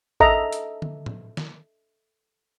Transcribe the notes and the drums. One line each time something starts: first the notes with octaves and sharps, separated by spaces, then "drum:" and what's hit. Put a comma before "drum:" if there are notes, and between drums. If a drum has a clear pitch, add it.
A4 D#5 E5 A#5, drum: kick A1
drum: hi-hat
drum: tom D3
drum: tom
drum: snare